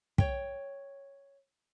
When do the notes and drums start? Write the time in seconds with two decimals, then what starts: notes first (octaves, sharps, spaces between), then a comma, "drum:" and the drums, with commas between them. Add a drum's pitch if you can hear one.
0.18 C#5 G5, drum: kick